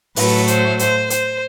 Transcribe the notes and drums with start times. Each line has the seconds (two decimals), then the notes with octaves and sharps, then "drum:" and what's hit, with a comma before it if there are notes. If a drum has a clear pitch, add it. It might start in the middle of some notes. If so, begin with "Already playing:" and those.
0.16 A2 F#3 A3 B4, drum: open hi-hat
0.47 C5, drum: hi-hat
0.79 C5, drum: hi-hat
1.10 C5, drum: hi-hat